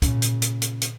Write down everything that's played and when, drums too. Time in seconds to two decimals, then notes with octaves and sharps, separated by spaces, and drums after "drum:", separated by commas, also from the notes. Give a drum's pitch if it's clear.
0.02 A#2 C#3, drum: kick, hi-hat
0.22 drum: hi-hat
0.42 drum: hi-hat
0.62 drum: hi-hat
0.82 drum: hi-hat